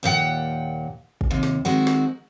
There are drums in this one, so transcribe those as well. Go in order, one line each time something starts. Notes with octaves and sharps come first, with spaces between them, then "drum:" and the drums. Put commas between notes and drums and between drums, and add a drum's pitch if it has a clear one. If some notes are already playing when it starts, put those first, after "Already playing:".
D#2 A#2 C#4 F#5 G5
drum: kick
D#2 C3
drum: snare
D#3 G#3 C4 F#4
drum: snare